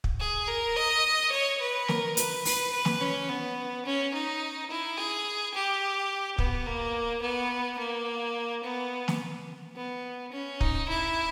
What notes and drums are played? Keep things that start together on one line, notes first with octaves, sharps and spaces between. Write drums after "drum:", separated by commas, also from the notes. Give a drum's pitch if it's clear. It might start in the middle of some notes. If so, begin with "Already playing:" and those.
drum: kick
G#4
A#4
D#5
C#5
B4
A#4, drum: snare
B4, drum: hi-hat
B4, drum: open hi-hat
B4
drum: snare
C#4
B3
C#4
D#4
E4
G#4
G4
B3, drum: kick
A#3
B3
A#3
B3
drum: snare
B3
C#4
D#4, drum: kick
E4